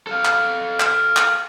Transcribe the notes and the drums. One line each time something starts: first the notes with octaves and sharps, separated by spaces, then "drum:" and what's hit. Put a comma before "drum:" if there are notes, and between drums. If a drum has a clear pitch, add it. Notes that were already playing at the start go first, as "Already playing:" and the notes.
A4 F5
drum: clap
drum: clap
drum: clap